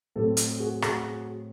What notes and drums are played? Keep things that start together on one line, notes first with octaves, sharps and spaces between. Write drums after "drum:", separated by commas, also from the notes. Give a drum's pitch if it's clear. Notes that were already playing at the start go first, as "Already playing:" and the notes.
A2 F#3 A3 C4 G4 A4
drum: hi-hat
F#4 G#4
F#4 G#4, drum: rim click